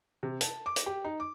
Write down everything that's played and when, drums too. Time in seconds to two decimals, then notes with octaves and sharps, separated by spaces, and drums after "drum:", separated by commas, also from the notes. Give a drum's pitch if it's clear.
0.23 C3
0.41 A5, drum: hi-hat
0.66 D6
0.76 drum: hi-hat
0.86 G4
1.04 D#4
1.20 D6